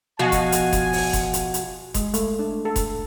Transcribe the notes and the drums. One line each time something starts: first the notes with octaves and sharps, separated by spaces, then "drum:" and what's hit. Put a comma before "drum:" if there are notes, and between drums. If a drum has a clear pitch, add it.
B2 F3 F#4 F5 G#5
drum: kick F1, hi-hat
drum: hi-hat
drum: kick F1, hi-hat
drum: open hi-hat
drum: kick F1, hi-hat
drum: hi-hat
drum: hi-hat
G#3, drum: kick F1, hi-hat
A3, drum: hi-hat
D4
A4
drum: kick F1, hi-hat